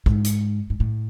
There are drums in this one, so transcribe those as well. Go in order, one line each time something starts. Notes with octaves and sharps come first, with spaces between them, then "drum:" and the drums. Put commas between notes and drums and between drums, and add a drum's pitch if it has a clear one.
G#2, drum: kick
drum: hi-hat
G#2
A2